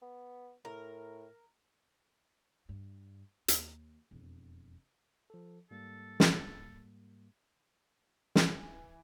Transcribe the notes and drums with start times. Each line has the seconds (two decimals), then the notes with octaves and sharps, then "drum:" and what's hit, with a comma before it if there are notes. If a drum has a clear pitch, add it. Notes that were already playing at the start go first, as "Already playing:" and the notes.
0.02 B3
0.65 A2 A#4
2.69 G2
3.48 D#2, drum: hi-hat
4.11 E1 F2
5.30 F3 A4
5.71 G#2 G3 A#3 A4
6.20 drum: snare
8.35 E3, drum: snare